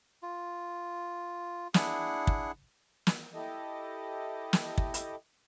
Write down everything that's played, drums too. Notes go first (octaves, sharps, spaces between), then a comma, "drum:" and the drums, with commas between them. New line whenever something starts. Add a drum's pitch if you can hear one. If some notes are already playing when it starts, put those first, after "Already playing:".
F4
D4 E4 G#4 F#5, drum: snare
drum: kick
drum: snare
E4 G4 A4 D#5
drum: snare
drum: kick
drum: hi-hat